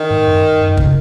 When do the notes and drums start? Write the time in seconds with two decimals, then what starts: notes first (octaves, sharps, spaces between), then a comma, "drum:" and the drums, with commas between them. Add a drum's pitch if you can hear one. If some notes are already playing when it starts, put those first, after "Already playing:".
Already playing: D#3
0.11 G#2
0.27 F#2
0.61 F#2
0.77 C#3, drum: kick